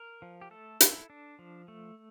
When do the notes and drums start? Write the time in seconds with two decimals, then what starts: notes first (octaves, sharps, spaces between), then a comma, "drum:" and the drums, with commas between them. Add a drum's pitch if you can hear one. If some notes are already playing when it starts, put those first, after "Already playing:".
Already playing: A#4
0.22 F3
0.41 G4
0.51 A3 A4
0.80 E4, drum: hi-hat
1.10 D4
1.39 F3
1.68 A3